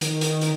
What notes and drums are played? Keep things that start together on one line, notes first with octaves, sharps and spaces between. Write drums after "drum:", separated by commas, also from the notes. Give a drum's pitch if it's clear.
D#3, drum: hi-hat
drum: hi-hat
drum: hi-hat